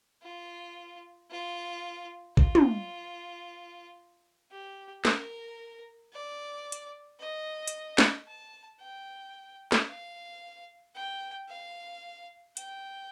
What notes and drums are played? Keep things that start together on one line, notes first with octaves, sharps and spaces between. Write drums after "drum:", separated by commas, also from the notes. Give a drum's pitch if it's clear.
F4
F4
F4, drum: kick A1
drum: tom
G4
A#4, drum: snare
D5
drum: hi-hat
D#5
drum: hi-hat
drum: snare
A5
G5
drum: snare
F5
G5
F5
G5, drum: hi-hat